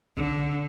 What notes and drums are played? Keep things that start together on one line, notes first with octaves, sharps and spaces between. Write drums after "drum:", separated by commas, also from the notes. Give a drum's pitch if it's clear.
D3, drum: kick